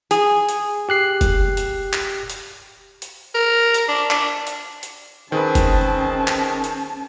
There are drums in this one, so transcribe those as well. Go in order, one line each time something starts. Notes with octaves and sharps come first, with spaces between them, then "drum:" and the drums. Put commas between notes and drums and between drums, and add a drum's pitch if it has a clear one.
G#4, drum: hi-hat
drum: hi-hat
G4 F#6 C7
drum: kick F1, hi-hat
drum: hi-hat
drum: clap
drum: hi-hat
drum: hi-hat
A#4
drum: hi-hat
D4
D4, drum: clap
drum: hi-hat
drum: hi-hat
D#3 C4 C#4 G#4 B4 A5
drum: kick F1, hi-hat
drum: clap
drum: hi-hat